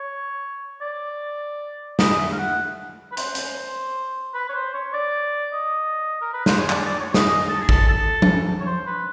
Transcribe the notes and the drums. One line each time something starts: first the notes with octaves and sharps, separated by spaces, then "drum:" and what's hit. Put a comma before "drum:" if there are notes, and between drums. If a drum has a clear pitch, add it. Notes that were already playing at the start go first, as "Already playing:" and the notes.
Already playing: C#5
D5
D#5, drum: snare
E5
F5
F#5
B4
C5, drum: hi-hat
drum: hi-hat
B4
C#5
C5
C#5
D5
D#5
A#4
B4
C5, drum: snare
C#5
D5, drum: clap
D5
C#5
D#5, drum: snare
D#5
A4
G#4
A4, drum: kick
A4
drum: tom F3
C#5
C5
B4